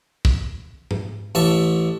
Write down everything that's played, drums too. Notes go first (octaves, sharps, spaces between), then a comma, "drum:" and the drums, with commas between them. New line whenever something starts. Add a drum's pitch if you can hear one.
drum: kick
drum: tom G#2
A1 E5 A5 C#6